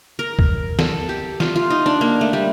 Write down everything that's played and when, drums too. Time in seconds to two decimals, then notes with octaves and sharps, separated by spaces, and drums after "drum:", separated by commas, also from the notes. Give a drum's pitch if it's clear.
0.19 A#4
0.39 drum: kick
0.79 A4, drum: snare
1.09 G4
1.40 F4, drum: snare
1.56 F4
1.70 D#4
1.86 D4
2.01 A#3
2.21 A3
2.33 G3